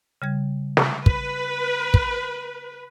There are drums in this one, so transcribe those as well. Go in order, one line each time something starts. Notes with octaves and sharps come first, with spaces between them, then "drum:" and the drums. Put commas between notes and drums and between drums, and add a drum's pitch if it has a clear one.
C#3 G3 G#6
drum: snare
B4, drum: kick
drum: kick